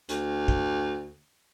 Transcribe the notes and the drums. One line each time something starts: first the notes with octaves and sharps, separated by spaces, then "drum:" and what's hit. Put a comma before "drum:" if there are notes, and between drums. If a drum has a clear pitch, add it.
D2, drum: hi-hat
drum: kick